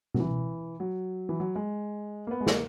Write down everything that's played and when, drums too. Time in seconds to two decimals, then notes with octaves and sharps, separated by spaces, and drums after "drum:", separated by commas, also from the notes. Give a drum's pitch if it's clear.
0.14 F#3, drum: tom B2
0.19 E3
0.80 F#3
1.29 E3
1.40 F#3
1.55 G#3
2.27 A#3
2.31 B3
2.41 G#3
2.46 A#3, drum: snare